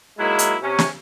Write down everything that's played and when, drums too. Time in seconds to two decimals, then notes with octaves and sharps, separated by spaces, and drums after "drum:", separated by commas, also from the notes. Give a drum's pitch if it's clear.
0.19 F#3 G#3 A#3 D#4 E4
0.39 drum: hi-hat
0.62 C3 C#4
0.78 drum: snare